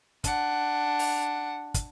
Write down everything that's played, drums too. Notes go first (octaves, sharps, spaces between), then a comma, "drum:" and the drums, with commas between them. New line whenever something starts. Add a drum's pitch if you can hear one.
D4 F#5, drum: kick, hi-hat
drum: open hi-hat
drum: kick, hi-hat